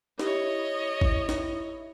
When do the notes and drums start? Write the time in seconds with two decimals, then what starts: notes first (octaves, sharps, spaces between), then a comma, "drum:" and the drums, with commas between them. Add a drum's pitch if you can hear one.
0.20 E4 G4 C#5 D#5, drum: snare
1.01 drum: kick G#1
1.29 drum: snare